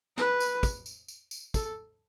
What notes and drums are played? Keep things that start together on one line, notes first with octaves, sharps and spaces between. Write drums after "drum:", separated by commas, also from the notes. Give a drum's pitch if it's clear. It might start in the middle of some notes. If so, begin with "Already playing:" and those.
B4, drum: snare
drum: tambourine
drum: kick, tambourine
drum: tambourine
drum: tambourine
drum: tambourine
A4, drum: kick, tambourine